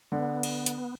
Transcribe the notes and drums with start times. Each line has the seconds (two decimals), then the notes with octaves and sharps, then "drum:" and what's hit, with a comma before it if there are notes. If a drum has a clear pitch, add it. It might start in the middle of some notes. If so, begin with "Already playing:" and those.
0.12 D3 B3
0.43 drum: cymbal
0.66 drum: hi-hat